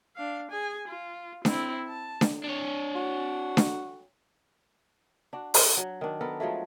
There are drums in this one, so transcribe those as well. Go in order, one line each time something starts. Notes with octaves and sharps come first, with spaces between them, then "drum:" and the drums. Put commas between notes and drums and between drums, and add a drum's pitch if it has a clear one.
D4 F5
G#4 G#5
F4
C4 E4, drum: snare D4
A5
drum: snare D4
D4 C#5
F#4
drum: snare D4
D4 F#4
drum: open hi-hat
F#3
D#3 D4
B3 A4 A#4
F3 F#3 G#3 A3